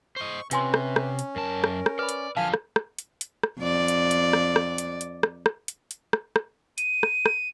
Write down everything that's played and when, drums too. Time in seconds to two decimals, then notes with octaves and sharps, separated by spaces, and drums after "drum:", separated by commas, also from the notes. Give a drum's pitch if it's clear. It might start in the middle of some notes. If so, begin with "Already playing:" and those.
0.16 C5 D#5 C#6
0.51 C3 C#4 F4 B4 G#5 C6, drum: hi-hat
0.74 drum: rim click
0.96 drum: rim click
1.19 drum: hi-hat
1.36 F#2 A#4 A5
1.64 drum: rim click
1.86 drum: rim click
1.99 B4 D5 B5
2.09 drum: hi-hat
2.37 D3 F3 F5 G#5 A5 F6
2.54 drum: rim click
2.76 drum: rim click
2.99 drum: hi-hat
3.21 drum: hi-hat
3.43 drum: rim click
3.60 F2 D5
3.88 drum: hi-hat
4.11 drum: hi-hat
4.33 drum: rim click
4.56 drum: rim click
4.78 drum: hi-hat
5.01 drum: hi-hat
5.23 drum: rim click
5.46 drum: rim click
5.68 drum: hi-hat
5.91 drum: hi-hat
6.13 drum: rim click
6.36 drum: rim click
6.78 D#7, drum: hi-hat
7.03 drum: rim click
7.26 drum: rim click